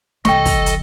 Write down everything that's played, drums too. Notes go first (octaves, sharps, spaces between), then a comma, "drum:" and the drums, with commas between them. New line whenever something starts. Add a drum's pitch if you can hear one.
C2 E3 A4 D#5 G5 C#6, drum: snare
drum: kick, open hi-hat
drum: hi-hat